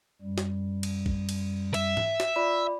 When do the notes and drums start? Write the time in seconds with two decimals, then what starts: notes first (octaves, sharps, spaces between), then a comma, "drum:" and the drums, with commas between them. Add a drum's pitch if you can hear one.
0.22 F#2 G3
0.38 drum: snare
0.83 drum: cymbal
1.06 drum: kick A1
1.29 drum: cymbal
1.74 E5, drum: cymbal
1.97 drum: tom G#2
2.20 drum: snare
2.36 F4 D5 B5